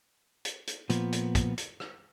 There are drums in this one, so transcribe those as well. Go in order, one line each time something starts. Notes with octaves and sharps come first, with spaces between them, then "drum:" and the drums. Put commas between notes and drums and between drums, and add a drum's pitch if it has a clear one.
drum: hi-hat
drum: hi-hat
A#2 F3 B3, drum: hi-hat
drum: hi-hat
drum: kick, hi-hat
drum: hi-hat
drum: rim click